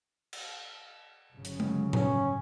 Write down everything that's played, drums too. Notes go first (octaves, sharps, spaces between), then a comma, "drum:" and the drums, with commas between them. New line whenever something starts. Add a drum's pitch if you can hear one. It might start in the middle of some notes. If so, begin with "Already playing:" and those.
drum: cymbal
G1 C#3 F#3
drum: hi-hat
drum: tom G#3
C#4, drum: tom A2